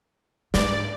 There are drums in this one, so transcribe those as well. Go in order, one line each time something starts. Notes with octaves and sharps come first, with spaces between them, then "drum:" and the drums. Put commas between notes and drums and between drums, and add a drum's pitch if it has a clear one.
G#2 G#3 D5, drum: snare